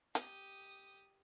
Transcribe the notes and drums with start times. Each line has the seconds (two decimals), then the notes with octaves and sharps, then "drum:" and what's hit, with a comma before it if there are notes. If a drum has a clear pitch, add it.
0.15 G4 D#6, drum: hi-hat